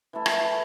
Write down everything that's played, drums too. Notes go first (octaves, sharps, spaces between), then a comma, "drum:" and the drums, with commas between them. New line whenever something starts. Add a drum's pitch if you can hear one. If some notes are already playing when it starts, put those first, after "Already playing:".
E3 A3 E4 A4
drum: rim click